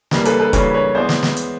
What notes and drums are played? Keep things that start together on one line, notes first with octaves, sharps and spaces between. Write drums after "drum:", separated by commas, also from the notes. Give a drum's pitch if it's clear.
C#3 E3 G3 A#3, drum: snare
A4 B4, drum: hi-hat
A4 B4
C#3 E3 G3 A#3 B4 C#5, drum: kick F1, hi-hat
B4 C#5
E3 G#3 B3 C5 D5
drum: snare
drum: snare
drum: hi-hat